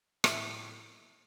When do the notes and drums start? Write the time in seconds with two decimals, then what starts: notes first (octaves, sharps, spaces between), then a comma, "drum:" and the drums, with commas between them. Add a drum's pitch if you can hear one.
0.24 A2 E5, drum: rim click